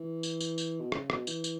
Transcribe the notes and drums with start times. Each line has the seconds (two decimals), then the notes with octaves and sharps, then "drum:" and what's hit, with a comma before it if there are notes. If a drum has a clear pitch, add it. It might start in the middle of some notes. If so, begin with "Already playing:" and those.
Already playing: E3
0.23 drum: tambourine
0.41 drum: tambourine
0.58 drum: tambourine
0.81 B2
0.92 C#3, drum: rim click
1.10 B2, drum: rim click
1.27 E3, drum: tambourine
1.44 drum: tambourine